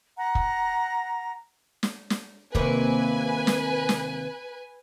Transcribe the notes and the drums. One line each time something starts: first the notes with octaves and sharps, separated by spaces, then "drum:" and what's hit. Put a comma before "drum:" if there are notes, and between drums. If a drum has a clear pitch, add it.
F#5 A#5
drum: kick
drum: snare
drum: snare
D#2 C3 A#3 B4 G#5, drum: kick
drum: snare
drum: snare